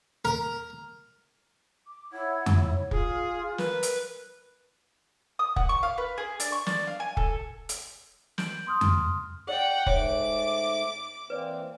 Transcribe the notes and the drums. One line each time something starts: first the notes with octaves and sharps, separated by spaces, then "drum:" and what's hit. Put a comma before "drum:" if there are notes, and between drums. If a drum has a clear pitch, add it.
A#4
D6
E4 C#5 F#5 G#6
drum: tom F2
C#5
F4 G#4 G#5, drum: kick
A#4 B4, drum: snare
drum: hi-hat
D#6
F#5, drum: kick
C#6
F5
B4
G#4
D4, drum: hi-hat
C#6
D4, drum: snare
F5
G#5
A4, drum: kick
drum: hi-hat
G6 D7 F#7, drum: snare
C6 D#6 F6
drum: tom F2
G#4 D5 D#5 F#5 G5
G#2 A3 C#5 D6, drum: kick
E3 A#3 C4 B4 D5